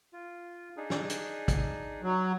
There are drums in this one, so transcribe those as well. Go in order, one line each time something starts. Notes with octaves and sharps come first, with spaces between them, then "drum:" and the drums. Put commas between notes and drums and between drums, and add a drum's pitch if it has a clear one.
F4
D4 D#4 G#4
drum: snare
drum: hi-hat
drum: kick, hi-hat
F#3